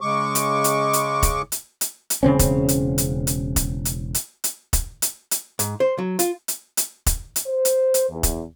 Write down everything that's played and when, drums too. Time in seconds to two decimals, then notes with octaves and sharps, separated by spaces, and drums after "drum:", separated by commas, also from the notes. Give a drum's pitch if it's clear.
0.01 C#3 G#3 C#6 D6
0.35 drum: hi-hat
0.64 drum: hi-hat
0.93 drum: hi-hat
1.23 drum: kick, hi-hat
1.52 drum: hi-hat
1.81 drum: hi-hat
2.10 drum: hi-hat
2.23 E1 C#3 C4 C#4
2.39 drum: kick, hi-hat
2.69 drum: hi-hat
2.98 drum: hi-hat
3.27 drum: hi-hat
3.56 drum: kick, hi-hat
3.85 drum: hi-hat
4.14 drum: hi-hat
4.44 drum: hi-hat
4.73 drum: kick, hi-hat
5.02 drum: hi-hat
5.31 drum: hi-hat
5.59 G#2, drum: hi-hat
5.80 C5
5.98 F#3
6.19 F4, drum: hi-hat
6.48 drum: hi-hat
6.77 drum: hi-hat
7.06 drum: kick, hi-hat
7.36 drum: hi-hat
7.45 C5
7.65 drum: hi-hat
7.94 drum: hi-hat
8.09 E2
8.23 drum: kick, hi-hat